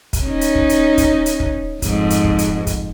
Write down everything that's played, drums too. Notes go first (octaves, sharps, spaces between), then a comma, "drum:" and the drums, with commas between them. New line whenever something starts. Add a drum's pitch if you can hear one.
drum: kick, hi-hat
C#4 D#4
drum: hi-hat
drum: kick
drum: hi-hat
drum: kick, hi-hat
drum: hi-hat
drum: kick
F2 G#2, drum: kick, hi-hat
drum: hi-hat
drum: kick
drum: hi-hat
drum: kick, hi-hat